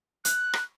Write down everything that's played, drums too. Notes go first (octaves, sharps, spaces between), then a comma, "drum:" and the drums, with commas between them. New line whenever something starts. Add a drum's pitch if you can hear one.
F#6, drum: hi-hat
drum: rim click